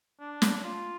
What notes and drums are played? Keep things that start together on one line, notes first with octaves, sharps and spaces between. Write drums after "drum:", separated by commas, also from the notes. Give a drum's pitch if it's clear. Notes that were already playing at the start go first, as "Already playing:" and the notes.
D4
drum: snare
F4